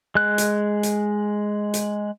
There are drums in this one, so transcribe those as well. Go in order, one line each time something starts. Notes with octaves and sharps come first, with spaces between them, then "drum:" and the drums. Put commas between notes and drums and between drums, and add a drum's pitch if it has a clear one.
G#3 F#6
drum: hi-hat
drum: hi-hat
drum: hi-hat